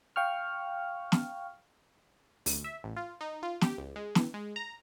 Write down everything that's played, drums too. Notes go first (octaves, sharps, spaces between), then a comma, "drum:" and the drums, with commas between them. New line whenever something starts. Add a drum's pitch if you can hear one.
F5 G5 C#6 F6
drum: snare
D2, drum: open hi-hat
E5
A1
F4
D#4
F4
G4, drum: snare
C#2
G#3
E3, drum: snare
G#3
A#5